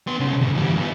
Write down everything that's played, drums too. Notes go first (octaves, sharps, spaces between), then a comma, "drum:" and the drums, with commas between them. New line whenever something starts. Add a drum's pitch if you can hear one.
B3 C6
C2 C#3
D2, drum: tom F#2
E3 G3
G2 B3